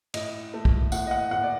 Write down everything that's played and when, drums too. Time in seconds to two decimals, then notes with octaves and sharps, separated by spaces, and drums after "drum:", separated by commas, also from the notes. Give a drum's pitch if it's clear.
0.14 A2 D#5, drum: cymbal
0.54 A3
0.65 drum: kick B1
0.92 A2 F#5, drum: tambourine
1.07 D#5
1.11 F#5
1.31 A2 F#5
1.43 D5